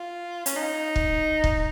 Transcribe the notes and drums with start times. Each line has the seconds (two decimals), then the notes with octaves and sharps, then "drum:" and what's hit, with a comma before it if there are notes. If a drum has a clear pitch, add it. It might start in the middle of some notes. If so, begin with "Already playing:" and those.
Already playing: F4
0.46 C#4, drum: hi-hat
0.56 D#4
0.96 drum: kick C#1
1.44 drum: kick C#1